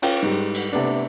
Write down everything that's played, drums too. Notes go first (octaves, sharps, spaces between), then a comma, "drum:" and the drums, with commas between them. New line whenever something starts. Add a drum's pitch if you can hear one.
C#4 F4 G5, drum: cymbal
G#2 G3
drum: cymbal
C3 A3 B3 D4